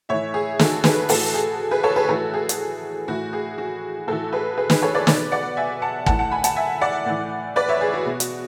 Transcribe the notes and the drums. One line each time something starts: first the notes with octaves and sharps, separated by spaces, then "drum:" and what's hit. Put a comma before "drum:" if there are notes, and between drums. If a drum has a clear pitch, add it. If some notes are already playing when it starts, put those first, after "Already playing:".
A2 E3 C#5 E5
G#4
F#4 A4, drum: snare
G#4 B4, drum: snare
A2 E3 F#4 A4, drum: open hi-hat
G#4
G#4 B4
A4 C#5
G#4 B4
A2 E3 F#4 A4
G#4
drum: hi-hat
A2 E3 F#4
G#4
F#4
A2 E3 F#4 A4
G#4 B4
G#4 B4
G#4 B4, drum: snare
A4 C#5
B4 D5
B2 B4 D5, drum: snare
D5 F#5
E5 G#5
F#5 A5
A2 E3 F#5 A5, drum: kick
F#5 A5
G#5 B5
F#5 A5, drum: hi-hat
E5 G#5
D5 F#5
A2 E3
B4 D5
C#5 E5
G#4
F#4
B2
drum: hi-hat